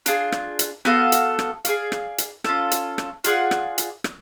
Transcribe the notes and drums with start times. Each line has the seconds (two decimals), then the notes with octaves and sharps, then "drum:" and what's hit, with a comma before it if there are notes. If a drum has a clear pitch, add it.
0.06 D4 F4 G#4, drum: hi-hat
0.32 drum: rim click
0.59 drum: hi-hat
0.85 B3 F#4 A4 F5, drum: rim click
1.12 drum: hi-hat
1.39 drum: rim click
1.65 G#4 D5 F5, drum: hi-hat
1.92 drum: rim click
2.18 drum: hi-hat
2.44 C#4 F4 A4, drum: rim click
2.71 drum: hi-hat
2.98 drum: rim click
3.24 F4 G#4 D5 F#5, drum: hi-hat
3.51 drum: rim click
3.78 drum: hi-hat
4.04 drum: rim click